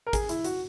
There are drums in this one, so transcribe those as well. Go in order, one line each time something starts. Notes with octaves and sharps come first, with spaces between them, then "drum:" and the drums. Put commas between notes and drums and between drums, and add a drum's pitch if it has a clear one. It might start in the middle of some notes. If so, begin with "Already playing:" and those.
A#4
G#4, drum: kick, hi-hat
E4, drum: hi-hat
F#4, drum: hi-hat